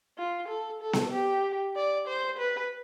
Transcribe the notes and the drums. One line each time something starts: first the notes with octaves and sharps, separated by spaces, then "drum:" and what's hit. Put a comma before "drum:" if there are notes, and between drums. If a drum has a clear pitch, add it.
F4
A4
A4
drum: snare B3
G4
D5
C5
B4